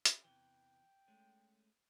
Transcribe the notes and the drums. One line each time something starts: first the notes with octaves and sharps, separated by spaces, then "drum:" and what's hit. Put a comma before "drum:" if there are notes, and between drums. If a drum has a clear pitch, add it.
drum: hi-hat
E2 C3 E3 G5
G#3 A3 C#4